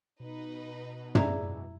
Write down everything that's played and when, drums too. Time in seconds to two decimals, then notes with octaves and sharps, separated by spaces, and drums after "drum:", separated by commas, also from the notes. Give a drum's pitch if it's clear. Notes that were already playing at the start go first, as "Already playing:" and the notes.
0.20 B2 D#4 B4
1.15 E4 G#4 D5 E5 A#5, drum: tom